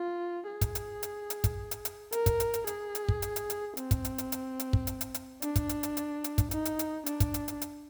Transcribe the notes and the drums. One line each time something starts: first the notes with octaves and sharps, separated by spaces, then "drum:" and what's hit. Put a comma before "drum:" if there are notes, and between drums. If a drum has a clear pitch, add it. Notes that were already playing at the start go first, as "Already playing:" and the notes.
Already playing: F4
G#4
drum: kick, hi-hat
drum: hi-hat
drum: hi-hat
drum: hi-hat
drum: kick, hi-hat
drum: hi-hat
drum: hi-hat
A#4, drum: hi-hat
drum: kick, hi-hat
drum: hi-hat
drum: hi-hat
G#4, drum: hi-hat
drum: hi-hat
drum: kick
drum: hi-hat
drum: hi-hat
drum: hi-hat
C4, drum: hi-hat
drum: kick, hi-hat
drum: hi-hat
drum: hi-hat
drum: hi-hat
drum: hi-hat
drum: kick
drum: hi-hat
drum: hi-hat
drum: hi-hat
D4, drum: hi-hat
drum: kick, hi-hat
drum: hi-hat
drum: hi-hat
drum: hi-hat
drum: hi-hat
drum: kick, hi-hat
D#4, drum: hi-hat
drum: hi-hat
drum: hi-hat
D4, drum: hi-hat
drum: kick, hi-hat
drum: hi-hat
drum: hi-hat
drum: hi-hat